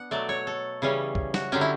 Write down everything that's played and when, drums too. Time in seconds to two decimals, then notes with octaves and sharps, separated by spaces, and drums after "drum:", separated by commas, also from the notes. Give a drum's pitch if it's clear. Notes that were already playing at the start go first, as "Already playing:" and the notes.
Already playing: B3 D4 F#5
0.11 B2 F#3 A3 D5
0.29 C#5
0.47 A4
0.82 C#3 E3 G3 C#4
1.15 drum: kick
1.34 F#4, drum: snare
1.52 D3 F#3 C#4 G4
1.61 E4